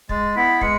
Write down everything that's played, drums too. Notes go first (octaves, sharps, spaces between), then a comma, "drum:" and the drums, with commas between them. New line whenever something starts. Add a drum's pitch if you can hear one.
G#3 A6, drum: kick
B3 E4 B6
G#3 C#7, drum: kick